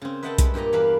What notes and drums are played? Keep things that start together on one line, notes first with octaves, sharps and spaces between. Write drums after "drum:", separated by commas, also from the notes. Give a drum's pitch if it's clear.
C#3 C4
B4 D#5 E5 F#5 G5 A5
G3 G#3, drum: kick B1, hi-hat
G2 A#2 G4 D#5 A#5
E2 A#3 D4 B4 F5 B5